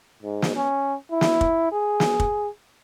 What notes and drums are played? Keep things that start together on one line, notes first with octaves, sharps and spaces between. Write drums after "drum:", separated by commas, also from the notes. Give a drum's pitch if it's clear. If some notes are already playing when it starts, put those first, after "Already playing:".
G#2
drum: snare
C#4
E4
drum: snare
drum: kick
G#4
drum: snare
drum: kick